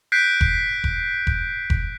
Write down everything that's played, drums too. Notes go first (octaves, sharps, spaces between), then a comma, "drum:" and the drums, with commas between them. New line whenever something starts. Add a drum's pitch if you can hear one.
F#6 G6 B6 C7 D7
drum: kick F1
drum: kick F1
drum: kick F1
drum: kick F1